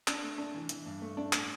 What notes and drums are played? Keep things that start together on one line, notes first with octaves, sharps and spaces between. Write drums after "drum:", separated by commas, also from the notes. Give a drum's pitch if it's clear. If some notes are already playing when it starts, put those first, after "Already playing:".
D4, drum: clap
A3
D4
E3
E3, drum: hi-hat
G2
A3
D4
A2, drum: clap